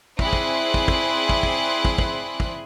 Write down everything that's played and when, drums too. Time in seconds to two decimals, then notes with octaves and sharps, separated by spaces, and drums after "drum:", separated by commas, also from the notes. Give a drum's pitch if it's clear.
0.19 C4 E4 G#4 D5 C6 F#6, drum: kick
0.33 drum: kick
0.74 drum: kick
0.88 drum: kick
1.29 drum: kick
1.43 drum: kick
1.85 drum: kick
1.98 drum: kick
2.40 drum: kick